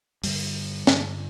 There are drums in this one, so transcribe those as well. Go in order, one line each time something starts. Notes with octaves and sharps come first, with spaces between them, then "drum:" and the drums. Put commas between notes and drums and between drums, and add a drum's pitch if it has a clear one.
G2 D3 G3, drum: open hi-hat
G2 D3, drum: snare